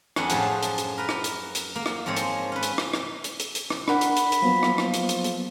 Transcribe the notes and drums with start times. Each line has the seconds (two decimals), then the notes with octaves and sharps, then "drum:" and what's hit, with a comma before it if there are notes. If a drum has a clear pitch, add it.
0.16 F2 G#3 D4 G#4 F#5, drum: rim click
0.30 F#2 A2 F3 G4 G#4 A5, drum: hi-hat
0.63 drum: hi-hat
0.78 drum: hi-hat
0.98 A#4 B4 A#5
1.09 drum: rim click
1.24 drum: hi-hat
1.55 drum: hi-hat
1.75 A#3
1.86 drum: rim click
2.06 G#2 F3 G#3 C4 C#5
2.17 drum: hi-hat
2.52 C#4 B4
2.63 drum: hi-hat
2.78 drum: rim click
2.93 drum: rim click
3.24 drum: hi-hat
3.40 drum: hi-hat
3.55 drum: hi-hat
3.70 drum: rim click
3.88 D4 A#4 F#5 B5, drum: rim click
4.01 drum: hi-hat
4.17 drum: hi-hat
4.32 drum: hi-hat
4.42 F3 F#3 A#3 B3
4.63 drum: rim click
4.78 drum: rim click
4.94 drum: hi-hat
5.09 drum: hi-hat
5.24 drum: hi-hat